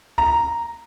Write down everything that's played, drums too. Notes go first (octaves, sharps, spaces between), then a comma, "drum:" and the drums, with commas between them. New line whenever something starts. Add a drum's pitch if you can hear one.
A#5, drum: kick C#2